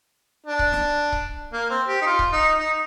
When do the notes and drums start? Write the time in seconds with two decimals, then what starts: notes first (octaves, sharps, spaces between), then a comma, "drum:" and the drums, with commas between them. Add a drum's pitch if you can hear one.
0.46 D4
0.59 drum: kick C#1
0.73 drum: snare
1.12 drum: kick C#1
1.53 A#3
1.70 C4
1.88 G4
2.02 D#4
2.06 F4
2.19 drum: kick C#1
2.33 D#4
2.59 D#4